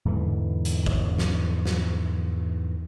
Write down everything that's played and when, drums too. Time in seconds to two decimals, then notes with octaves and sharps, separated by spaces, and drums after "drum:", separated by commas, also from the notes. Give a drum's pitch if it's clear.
0.05 E2 G#2 D3 E3
0.65 drum: hi-hat
0.86 drum: kick
1.18 drum: snare
1.66 drum: snare